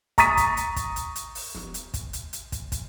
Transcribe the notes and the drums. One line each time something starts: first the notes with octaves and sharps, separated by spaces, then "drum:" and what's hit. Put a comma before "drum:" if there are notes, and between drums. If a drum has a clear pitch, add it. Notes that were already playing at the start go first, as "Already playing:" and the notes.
A#5 C#6 D#6 A6 B6 D#7, drum: kick, hi-hat
drum: kick, hi-hat
drum: hi-hat
drum: kick, hi-hat
drum: hi-hat
drum: hi-hat
drum: open hi-hat
drum: snare
drum: hi-hat
drum: kick, hi-hat
drum: hi-hat
drum: hi-hat
drum: kick, hi-hat
drum: kick, hi-hat